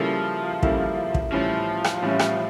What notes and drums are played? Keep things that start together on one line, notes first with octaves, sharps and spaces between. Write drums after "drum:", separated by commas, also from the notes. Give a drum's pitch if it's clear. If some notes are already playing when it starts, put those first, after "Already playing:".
Already playing: C#3 F3 G3 A#3 E4 A4
C#3 G3 A#3 E4 A4, drum: kick
drum: kick
A2 E3 F3 G3 C#4
drum: rim click
A2 E3 G3 C#4
drum: rim click